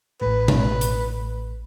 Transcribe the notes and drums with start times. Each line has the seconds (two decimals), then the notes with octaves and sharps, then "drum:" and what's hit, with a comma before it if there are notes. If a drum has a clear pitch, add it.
0.21 A1 A2 B4
0.48 drum: tom B2
0.81 drum: hi-hat